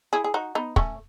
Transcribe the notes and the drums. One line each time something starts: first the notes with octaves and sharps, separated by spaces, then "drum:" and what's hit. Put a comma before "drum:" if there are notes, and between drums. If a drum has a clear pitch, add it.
E4 G#4
G#4
D#4 F#4
B3 D#4
A3 C#4, drum: kick